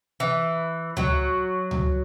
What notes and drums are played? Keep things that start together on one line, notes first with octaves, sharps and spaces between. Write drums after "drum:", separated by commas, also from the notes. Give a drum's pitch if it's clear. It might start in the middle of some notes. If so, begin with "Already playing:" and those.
E3
F#3, drum: tom C#2
drum: tom C#2